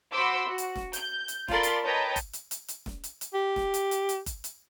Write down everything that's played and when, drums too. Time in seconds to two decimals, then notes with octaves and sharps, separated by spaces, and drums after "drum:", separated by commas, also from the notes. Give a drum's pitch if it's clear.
0.12 F#4 C5 B5 C6 D6 E6
0.46 F#4
0.58 drum: hi-hat
0.76 drum: snare
0.93 G6, drum: hi-hat
1.28 drum: hi-hat
1.48 F4 A4 A#4 D5 B5 C6, drum: snare
1.63 drum: hi-hat
1.85 B4 C#5 D#5 G5 A5 A#5
2.16 drum: kick F#1, hi-hat
2.33 drum: hi-hat
2.51 drum: hi-hat
2.68 drum: hi-hat
2.86 drum: snare
3.04 drum: hi-hat
3.21 drum: hi-hat
3.34 G4
3.56 drum: snare
3.74 drum: hi-hat
3.91 drum: hi-hat
4.09 drum: hi-hat
4.26 drum: kick F#1, hi-hat
4.44 drum: hi-hat